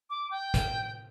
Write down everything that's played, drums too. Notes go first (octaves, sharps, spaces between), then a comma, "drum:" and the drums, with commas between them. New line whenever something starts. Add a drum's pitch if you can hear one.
D6
G5
drum: kick, hi-hat